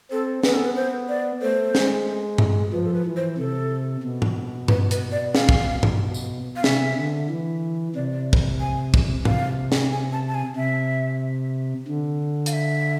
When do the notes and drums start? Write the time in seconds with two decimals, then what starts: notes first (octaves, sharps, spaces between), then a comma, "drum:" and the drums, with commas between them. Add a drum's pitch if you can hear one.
0.11 C4 A4
0.43 B3 B4, drum: snare
0.54 A4
0.65 B4
0.76 C5
1.09 D5
1.42 A3 C5
1.75 G#3, drum: snare
2.38 drum: tom G2
2.72 F3 B4
2.84 A4
2.94 B4
3.06 E3
3.16 C5
3.38 C3 A4
4.03 B2
4.22 drum: tom
4.68 B4, drum: tom G2
4.91 B4, drum: hi-hat
5.12 D5
5.35 F5, drum: snare
5.49 drum: kick
5.83 drum: tom G2
6.14 drum: tambourine
6.56 F5
6.64 C3 E5, drum: snare
6.97 D3
7.30 E3
7.96 C3 D5
8.11 D5
8.33 drum: kick
8.61 G#5
8.94 drum: kick
9.25 C3 F5, drum: tom
9.72 drum: snare
9.92 G#5
10.13 A5
10.28 A5
10.34 G#5
10.56 C3 E5
11.88 D3
12.46 F5, drum: hi-hat
12.53 E5